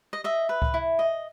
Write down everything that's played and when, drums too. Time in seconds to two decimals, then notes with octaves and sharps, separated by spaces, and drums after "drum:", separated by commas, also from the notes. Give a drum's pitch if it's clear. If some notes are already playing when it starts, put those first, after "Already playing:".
0.13 D#5
0.24 D#5 E5
0.49 B4
0.62 drum: kick C#2
0.74 E4
0.99 D#5